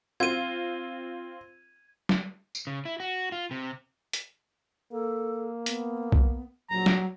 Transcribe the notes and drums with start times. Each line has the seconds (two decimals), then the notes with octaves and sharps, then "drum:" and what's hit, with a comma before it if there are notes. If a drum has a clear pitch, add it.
0.20 C4 F4 G#6 D#7
2.09 drum: snare
2.55 drum: tambourine
2.67 C#3
2.85 E4
3.00 F#4
3.32 F4
3.51 C3
4.13 drum: hi-hat
4.92 A#3 A4
5.66 B3, drum: hi-hat
6.12 drum: kick
6.70 A#1 F#3 A#5
6.86 drum: snare